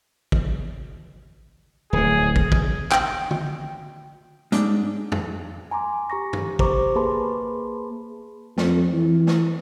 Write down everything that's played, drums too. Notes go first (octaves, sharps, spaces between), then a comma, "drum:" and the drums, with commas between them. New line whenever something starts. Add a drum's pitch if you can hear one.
drum: kick
D1 A2 G#4
drum: kick
drum: kick
G5, drum: clap
drum: tom
G#2 D4, drum: hi-hat
drum: tom
G#5 A#5 C6 D6
G4 A#5 C#6 A#6
drum: tom G2
G4 C5 A#5 C#6 D6, drum: kick
A#3 G#4 B4 A5 B5 C6
F2, drum: snare
E3
drum: snare